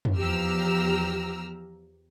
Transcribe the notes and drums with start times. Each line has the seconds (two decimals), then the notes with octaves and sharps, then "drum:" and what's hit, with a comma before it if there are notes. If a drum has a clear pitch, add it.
0.05 drum: tom F2
0.17 E2 F3 G4 A#5 E6 F6